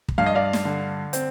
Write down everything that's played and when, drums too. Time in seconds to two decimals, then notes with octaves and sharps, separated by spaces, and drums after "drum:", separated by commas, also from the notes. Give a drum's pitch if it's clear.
0.08 drum: kick
0.18 G2 F5
0.26 D#5
0.35 D5 F5
0.53 drum: snare
0.65 D3
1.13 C4, drum: hi-hat